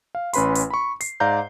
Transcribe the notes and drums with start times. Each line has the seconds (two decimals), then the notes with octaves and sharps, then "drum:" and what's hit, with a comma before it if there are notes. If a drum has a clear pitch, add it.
0.15 F5
0.33 A1 C#4 B4 B5 C6, drum: hi-hat
0.55 drum: hi-hat
0.70 B5 C#6
1.01 C7, drum: hi-hat
1.20 G#2 D5 F5 A#5 G6